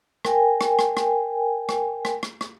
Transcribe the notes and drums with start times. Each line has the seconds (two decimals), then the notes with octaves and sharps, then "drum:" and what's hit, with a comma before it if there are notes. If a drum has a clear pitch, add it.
0.25 A#4 G5 G#5, drum: rim click
0.61 drum: rim click
0.79 drum: rim click
0.97 drum: rim click
1.69 drum: rim click
2.05 drum: rim click
2.23 drum: rim click
2.41 drum: rim click